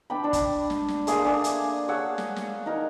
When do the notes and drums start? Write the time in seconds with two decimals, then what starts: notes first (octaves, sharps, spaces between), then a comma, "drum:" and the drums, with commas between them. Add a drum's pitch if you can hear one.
0.10 D4 D5 G5 B5
0.23 D4 B5
0.33 drum: kick, hi-hat
0.70 drum: snare
0.88 drum: snare
1.07 A3 A#3 G#4 C6, drum: hi-hat
1.25 D4 G#5
1.44 drum: hi-hat
1.88 C#5 F5 F#5 E6
2.18 drum: snare
2.36 drum: snare
2.66 D#4 A#4